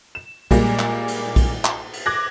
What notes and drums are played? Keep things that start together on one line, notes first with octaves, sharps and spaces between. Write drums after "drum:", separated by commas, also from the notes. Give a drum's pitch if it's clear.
E7
A#2 G3 G#3 A#3, drum: kick A#1, cymbal
drum: clap
drum: cymbal
drum: kick A#1, cymbal
drum: clap
drum: cymbal
D6 F#6 G#6 A#6